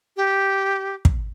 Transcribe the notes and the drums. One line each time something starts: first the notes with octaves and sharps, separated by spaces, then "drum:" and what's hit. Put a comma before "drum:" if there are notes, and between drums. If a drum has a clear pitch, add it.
G4
drum: kick